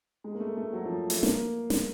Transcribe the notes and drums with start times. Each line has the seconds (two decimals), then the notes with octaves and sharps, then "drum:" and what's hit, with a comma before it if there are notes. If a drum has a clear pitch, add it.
0.24 G#3
0.35 A#3
0.40 A3
0.57 A3
0.73 F#3
0.86 F3
1.10 A3, drum: hi-hat
1.23 A#3, drum: snare
1.70 drum: snare